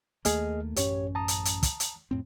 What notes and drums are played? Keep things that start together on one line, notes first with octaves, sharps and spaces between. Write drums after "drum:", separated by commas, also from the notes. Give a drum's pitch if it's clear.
D#2 A3 A#3 G#4 D#5 F6, drum: hi-hat
A1 F#2 C#4 G4 C#5, drum: hi-hat
A5 A#5 D#6
drum: hi-hat
drum: hi-hat
drum: kick, hi-hat
drum: hi-hat
F2 A2 C4